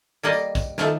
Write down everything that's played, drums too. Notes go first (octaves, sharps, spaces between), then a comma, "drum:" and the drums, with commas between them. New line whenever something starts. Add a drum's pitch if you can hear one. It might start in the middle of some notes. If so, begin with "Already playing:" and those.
G3 A#3 D5 D#5
drum: tambourine
drum: kick A#1, tambourine
D#3 F3 A3, drum: snare